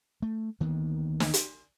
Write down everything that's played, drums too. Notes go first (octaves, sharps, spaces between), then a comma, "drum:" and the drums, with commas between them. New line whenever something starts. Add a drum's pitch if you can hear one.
A3
D2 D#3 A#3 B3
drum: snare
drum: hi-hat